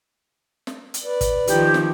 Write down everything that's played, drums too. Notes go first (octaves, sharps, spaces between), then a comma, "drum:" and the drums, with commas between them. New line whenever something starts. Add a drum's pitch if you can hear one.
drum: snare
drum: hi-hat
B4 D5
drum: kick, hi-hat
D#3 F3 G4, drum: hi-hat
drum: snare